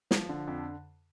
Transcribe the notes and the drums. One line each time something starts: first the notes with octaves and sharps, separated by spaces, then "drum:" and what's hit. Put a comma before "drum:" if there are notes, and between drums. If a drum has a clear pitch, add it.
F3, drum: snare
D3
F2